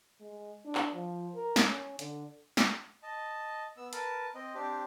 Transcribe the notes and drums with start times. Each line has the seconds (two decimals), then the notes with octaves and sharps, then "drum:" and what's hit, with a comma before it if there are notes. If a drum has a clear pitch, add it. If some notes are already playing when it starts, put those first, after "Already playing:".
0.20 G#3
0.65 D4
0.75 drum: clap
0.94 F3
1.35 A#4
1.56 drum: snare
1.67 C#4
1.99 D3, drum: hi-hat
2.57 drum: snare
3.03 D#5 A5
3.77 B3 E6
3.93 A#4 B4 A5, drum: hi-hat
4.35 C4 D#5
4.55 C4 D4 G4